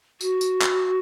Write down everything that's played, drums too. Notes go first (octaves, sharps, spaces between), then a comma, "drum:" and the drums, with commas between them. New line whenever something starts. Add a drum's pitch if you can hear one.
F#4, drum: tambourine
drum: tambourine
drum: clap